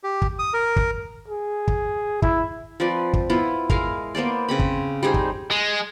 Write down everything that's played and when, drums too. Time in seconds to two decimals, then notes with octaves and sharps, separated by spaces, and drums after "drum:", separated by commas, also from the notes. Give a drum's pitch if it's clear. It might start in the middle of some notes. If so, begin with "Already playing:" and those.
0.03 G4
0.22 drum: kick
0.39 D#6
0.53 A#4
0.76 drum: kick
1.28 G#4
1.68 drum: kick
2.22 E4, drum: kick
2.80 F3 C4 B4 D5
3.13 drum: kick
3.30 B3 E4 F4
3.70 G#3 E4 A#4 F5, drum: kick
4.15 A#3 B3 C5 D5
4.48 C#3 C4 B5
4.59 drum: kick
5.03 G3 D#4 G#4 C5
5.14 drum: kick
5.51 G#3